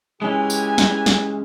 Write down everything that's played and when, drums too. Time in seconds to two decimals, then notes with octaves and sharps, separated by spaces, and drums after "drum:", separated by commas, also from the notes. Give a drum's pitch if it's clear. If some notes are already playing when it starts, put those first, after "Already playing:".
0.22 E3 G#3 C#4 G4 G#5
0.50 drum: tambourine
0.78 drum: snare
1.06 drum: snare